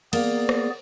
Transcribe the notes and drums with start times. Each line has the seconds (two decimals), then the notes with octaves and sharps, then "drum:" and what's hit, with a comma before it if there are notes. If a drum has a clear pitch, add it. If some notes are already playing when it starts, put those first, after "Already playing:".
0.13 A#3 B3 G#4 D5, drum: cymbal
0.49 drum: rim click